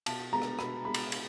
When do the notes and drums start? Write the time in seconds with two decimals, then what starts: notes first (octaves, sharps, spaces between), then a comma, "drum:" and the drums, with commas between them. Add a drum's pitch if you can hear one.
0.06 B2 A5, drum: cymbal
0.33 G#3 B3 A#5
0.42 drum: rim click
0.59 B2 B5, drum: rim click
0.85 G#3 B3 B5
0.94 drum: cymbal
1.12 drum: cymbal